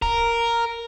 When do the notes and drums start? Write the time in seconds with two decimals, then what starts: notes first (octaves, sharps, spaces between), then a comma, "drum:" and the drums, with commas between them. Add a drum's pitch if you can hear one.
0.02 A#4, drum: kick